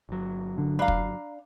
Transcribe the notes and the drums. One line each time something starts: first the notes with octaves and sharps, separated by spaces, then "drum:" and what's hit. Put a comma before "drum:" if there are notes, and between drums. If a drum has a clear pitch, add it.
G1 F#3
D3
D4 F5 A#5 B5
drum: kick